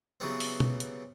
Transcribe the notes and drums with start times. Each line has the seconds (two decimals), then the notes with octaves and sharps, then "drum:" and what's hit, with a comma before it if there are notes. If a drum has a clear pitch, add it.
0.20 C#3 E3 F#3 G3 B3 C4
0.40 drum: open hi-hat
0.60 drum: tom B2
0.80 drum: hi-hat